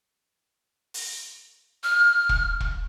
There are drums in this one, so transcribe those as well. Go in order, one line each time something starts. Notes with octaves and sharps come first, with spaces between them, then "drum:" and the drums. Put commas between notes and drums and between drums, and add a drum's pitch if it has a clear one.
drum: open hi-hat
F6
drum: kick E1
drum: kick E1